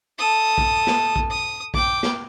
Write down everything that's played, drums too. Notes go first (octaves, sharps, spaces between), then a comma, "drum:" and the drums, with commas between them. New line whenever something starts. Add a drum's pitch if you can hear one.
A4 D#6
drum: kick A#1
drum: snare
drum: kick A#1
D#6
G5 D6, drum: kick A#1
drum: snare